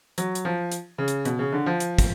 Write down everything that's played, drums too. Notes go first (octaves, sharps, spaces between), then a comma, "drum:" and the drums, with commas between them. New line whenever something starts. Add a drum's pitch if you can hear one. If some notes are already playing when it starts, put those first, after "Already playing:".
F#3, drum: hi-hat
drum: hi-hat
F3
drum: hi-hat
C#3
drum: hi-hat
B2, drum: hi-hat
C#3
D3
F3
drum: hi-hat
drum: kick, hi-hat